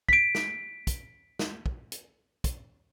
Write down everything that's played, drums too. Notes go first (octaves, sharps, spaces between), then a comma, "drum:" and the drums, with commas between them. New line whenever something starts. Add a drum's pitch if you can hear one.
B6 D7, drum: kick
drum: snare
drum: kick, hi-hat
drum: snare
drum: kick
drum: hi-hat
drum: kick, hi-hat